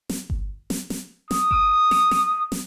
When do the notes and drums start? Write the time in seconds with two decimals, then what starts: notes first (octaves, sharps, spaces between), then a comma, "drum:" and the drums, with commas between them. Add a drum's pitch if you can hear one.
0.10 drum: snare
0.30 drum: kick G1
0.70 drum: snare
0.90 drum: snare
1.31 D#6, drum: snare
1.51 drum: kick G1
1.91 drum: snare
2.11 drum: snare
2.52 drum: snare